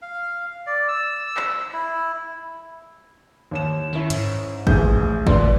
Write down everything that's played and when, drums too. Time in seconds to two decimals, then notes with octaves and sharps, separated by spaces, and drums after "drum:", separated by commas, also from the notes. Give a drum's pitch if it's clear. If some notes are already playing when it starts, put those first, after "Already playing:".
0.02 F5
0.67 D5
0.88 E6
1.37 drum: clap
1.73 E4
3.51 D#2 C#5 E7
3.93 D#3 C#4 E4
4.10 G#2, drum: hi-hat
4.67 A1 G#4 G6, drum: kick G#1
5.27 A#2 B4 D5 C6, drum: kick G#1